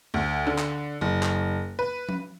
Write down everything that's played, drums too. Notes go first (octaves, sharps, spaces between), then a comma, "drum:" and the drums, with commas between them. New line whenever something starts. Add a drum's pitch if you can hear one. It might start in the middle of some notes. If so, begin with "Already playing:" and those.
D2
D3
drum: clap
F#1
drum: clap
B4
drum: tom F3